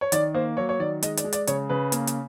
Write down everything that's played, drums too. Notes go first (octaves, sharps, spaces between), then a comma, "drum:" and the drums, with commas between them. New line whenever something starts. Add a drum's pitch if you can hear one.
C#5
D#3 D5, drum: hi-hat
A#3 C5
F#3 C#5
C#5
D#3 D5
G#3 D#5, drum: hi-hat
D5, drum: hi-hat
G#3
D5, drum: hi-hat
C#3 C#5, drum: hi-hat
C#3 B4
A#3, drum: hi-hat
drum: hi-hat